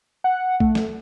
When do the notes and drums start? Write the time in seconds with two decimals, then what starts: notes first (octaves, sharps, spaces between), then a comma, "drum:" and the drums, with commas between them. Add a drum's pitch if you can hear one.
0.24 F#5
0.60 A3, drum: kick A#1
0.75 drum: snare